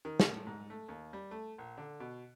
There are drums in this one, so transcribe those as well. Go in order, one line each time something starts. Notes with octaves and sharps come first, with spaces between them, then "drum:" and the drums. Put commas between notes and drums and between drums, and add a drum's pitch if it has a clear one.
D#3
drum: snare
A2
G#2
A3
D#2
G3
A3
A#1
D3
B2